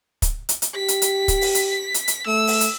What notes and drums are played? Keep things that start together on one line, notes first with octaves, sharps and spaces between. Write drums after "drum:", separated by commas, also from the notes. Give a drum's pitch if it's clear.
drum: kick, hi-hat
drum: hi-hat
drum: hi-hat
G4 B6
drum: hi-hat
drum: hi-hat
drum: kick, hi-hat
drum: open hi-hat
drum: hi-hat
drum: hi-hat
drum: hi-hat
A3 E6
drum: open hi-hat
drum: hi-hat